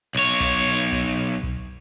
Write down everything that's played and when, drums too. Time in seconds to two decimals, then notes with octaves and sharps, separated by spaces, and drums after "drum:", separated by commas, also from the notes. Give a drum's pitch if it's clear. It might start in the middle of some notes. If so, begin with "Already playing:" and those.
0.15 B1 C#5
0.40 drum: kick
0.92 drum: kick
1.43 drum: kick